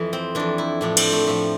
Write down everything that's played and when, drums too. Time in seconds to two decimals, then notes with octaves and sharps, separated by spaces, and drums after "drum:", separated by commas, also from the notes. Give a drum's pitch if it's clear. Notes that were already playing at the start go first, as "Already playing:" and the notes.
Already playing: F2 E3
0.13 C4
0.35 F2 E3 D4
0.58 E4
0.81 A2 F3 D4
0.97 C4, drum: cymbal
1.12 A3
1.26 A2 F3 A3